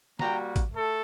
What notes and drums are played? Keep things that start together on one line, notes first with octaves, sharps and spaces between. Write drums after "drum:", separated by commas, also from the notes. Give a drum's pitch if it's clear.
G3 A#3 F#4 G5 A#5, drum: snare
drum: kick A1, hi-hat
A3 A4